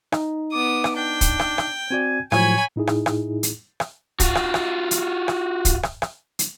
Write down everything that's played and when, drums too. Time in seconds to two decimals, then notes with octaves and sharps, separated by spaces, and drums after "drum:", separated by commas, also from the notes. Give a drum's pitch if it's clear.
0.12 D#4, drum: rim click
0.53 B3 D6 D#6
0.84 drum: rim click
0.96 D4 G5
1.21 drum: kick, hi-hat
1.39 drum: rim click
1.58 drum: rim click
1.91 C4 F#4 D5 G#5
2.32 A2 F3 F#3 C#5 G#5 B5, drum: rim click
2.76 A2 D#4 E4 G#4
2.87 drum: rim click
3.06 drum: rim click
3.43 drum: hi-hat
3.80 drum: rim click
4.20 F4 F#4, drum: kick, hi-hat
4.35 drum: rim click
4.54 drum: rim click
4.91 drum: hi-hat
5.28 drum: rim click
5.65 drum: kick, hi-hat
5.83 drum: rim click
6.02 drum: rim click
6.39 drum: hi-hat